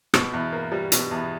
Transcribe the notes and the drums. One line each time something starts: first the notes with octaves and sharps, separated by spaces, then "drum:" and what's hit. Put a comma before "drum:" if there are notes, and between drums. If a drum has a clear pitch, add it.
B2, drum: rim click
E2
A#3
G3
B2, drum: hi-hat
E2